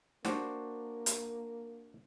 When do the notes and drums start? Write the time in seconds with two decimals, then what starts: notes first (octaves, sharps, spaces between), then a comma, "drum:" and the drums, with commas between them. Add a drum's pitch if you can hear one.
0.25 A#3 D4 F#4 C5, drum: snare
1.06 drum: hi-hat